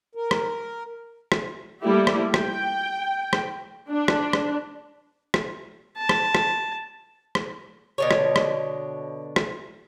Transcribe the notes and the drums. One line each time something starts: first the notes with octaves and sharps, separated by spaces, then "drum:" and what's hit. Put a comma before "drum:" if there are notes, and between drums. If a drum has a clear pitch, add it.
A#4
drum: rim click
drum: rim click
G3 A3 A#3 E4 G4
drum: rim click
G5, drum: rim click
drum: rim click
D4
drum: rim click
drum: rim click
drum: rim click
A5
drum: rim click
drum: rim click
drum: rim click
B2 D3 C#5
drum: rim click
drum: rim click
drum: rim click